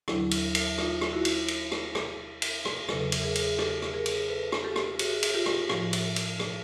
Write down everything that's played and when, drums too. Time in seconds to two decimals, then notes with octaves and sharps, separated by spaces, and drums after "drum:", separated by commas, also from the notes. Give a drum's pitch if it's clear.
0.08 D#2 D3 F#3 D4 E4, drum: rim click
0.31 drum: cymbal
0.55 drum: cymbal
0.78 D#4 F4, drum: rim click
1.01 drum: rim click
1.13 E4 F#4
1.25 drum: cymbal
1.48 drum: cymbal
1.72 drum: rim click
1.95 drum: rim click
2.42 drum: cymbal
2.65 drum: rim click
2.89 E2 C#3 F#3 A4 B4, drum: rim click
3.12 drum: cymbal
3.24 G#4 A#4
3.35 drum: cymbal
3.59 G4 A4, drum: rim click
3.82 drum: rim click
3.94 G#4 A#4
4.06 drum: cymbal
4.28 A4 B4
4.52 drum: rim click
4.64 G4 A4
4.76 drum: rim click
4.99 F#4 G#4, drum: cymbal
5.23 drum: cymbal
5.34 F4 G4
5.46 drum: rim click
5.69 A2 F3, drum: rim click
5.93 drum: cymbal
6.16 drum: cymbal
6.40 drum: rim click